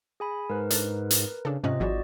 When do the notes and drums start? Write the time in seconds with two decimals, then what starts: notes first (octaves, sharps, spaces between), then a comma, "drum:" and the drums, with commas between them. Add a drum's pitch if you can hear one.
0.20 G#4 G#5 B5
0.50 G#2 A#4 B4
0.70 D4 A4, drum: hi-hat
1.11 drum: hi-hat
1.45 C#3 D4 A4
1.64 G#2 C3 C#4 F4 D#5 F#6
1.80 G#1 G#2 E3 F#3 F#4 D5